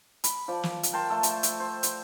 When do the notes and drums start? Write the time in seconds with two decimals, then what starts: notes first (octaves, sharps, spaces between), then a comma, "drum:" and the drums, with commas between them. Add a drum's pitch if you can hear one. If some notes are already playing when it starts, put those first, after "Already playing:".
0.24 B5, drum: hi-hat
0.48 F3 D5
0.63 drum: snare
0.83 drum: hi-hat
0.93 A#4 G5 A5 C6
1.10 A3 A4
1.23 drum: hi-hat
1.43 drum: hi-hat
1.60 C5
1.83 drum: hi-hat